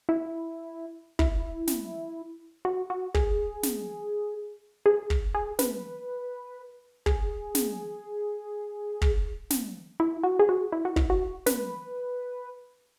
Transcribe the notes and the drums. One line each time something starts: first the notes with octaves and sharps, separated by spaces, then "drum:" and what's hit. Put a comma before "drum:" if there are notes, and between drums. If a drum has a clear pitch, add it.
E4
E4, drum: kick
drum: snare
F#4
F#4
G#4, drum: kick
drum: snare
G#4
drum: kick
G#4
B4, drum: snare
G#4, drum: kick
drum: snare
drum: kick
drum: snare
E4
F#4
G#4
F#4
E4
F#4
E4, drum: kick
F#4
B4, drum: snare